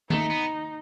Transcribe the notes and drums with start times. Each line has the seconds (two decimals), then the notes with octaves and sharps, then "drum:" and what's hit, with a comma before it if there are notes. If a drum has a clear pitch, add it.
0.10 A3 D#4, drum: tom D#3
0.30 B3